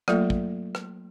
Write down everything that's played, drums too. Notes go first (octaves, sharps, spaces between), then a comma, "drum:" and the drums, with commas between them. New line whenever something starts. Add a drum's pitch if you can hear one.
F#3 A3 A#3 F4 A4 E5, drum: rim click
drum: kick
drum: rim click